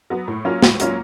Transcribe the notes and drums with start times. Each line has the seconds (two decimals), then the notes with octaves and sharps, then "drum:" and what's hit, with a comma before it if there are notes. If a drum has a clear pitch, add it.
0.10 F#3 B3
0.28 A2
0.45 F#3 A#3 C#4 F4
0.62 A2, drum: snare
0.80 F#3 A#3 C#4 F4, drum: hi-hat